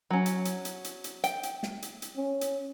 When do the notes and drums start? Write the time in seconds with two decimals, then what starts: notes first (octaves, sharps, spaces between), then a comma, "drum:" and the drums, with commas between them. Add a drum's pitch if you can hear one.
0.10 F#3 C#4
0.26 drum: hi-hat
0.45 drum: hi-hat
0.65 drum: hi-hat
0.84 drum: hi-hat
1.04 drum: hi-hat
1.24 G5, drum: hi-hat
1.43 drum: hi-hat
1.63 drum: snare
1.82 drum: hi-hat
2.02 drum: hi-hat
2.17 C#4
2.41 drum: hi-hat